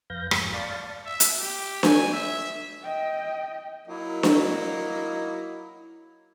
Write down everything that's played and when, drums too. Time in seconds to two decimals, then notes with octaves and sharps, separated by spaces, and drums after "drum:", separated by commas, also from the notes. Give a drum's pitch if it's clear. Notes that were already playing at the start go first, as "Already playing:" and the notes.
0.10 F2 B4 F5 G6 A#6
0.31 F2 G#2, drum: rim click
0.54 D5 F5 A5 C#6
1.05 E5
1.20 drum: hi-hat
1.40 G4
1.83 G#5, drum: snare D4
2.12 E5
2.83 D#5 G5
3.88 F#3 A#3 D#4 E4
4.23 drum: snare D4